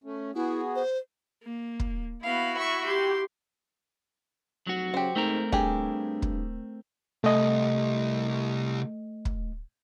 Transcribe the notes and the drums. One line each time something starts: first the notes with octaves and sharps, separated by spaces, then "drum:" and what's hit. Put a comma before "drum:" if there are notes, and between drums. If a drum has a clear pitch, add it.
A3 C#4
B3 E4 F#4 G#4
C5
A#3
drum: kick
B3 E4 F#4 F5
E5 C#6
G4 C6
F1 F#3 F#4
C#3 G4 C5
G#2 A3 C4 A#4
G2 G4 G#4, drum: kick
drum: kick
C2 A3 D#5
drum: kick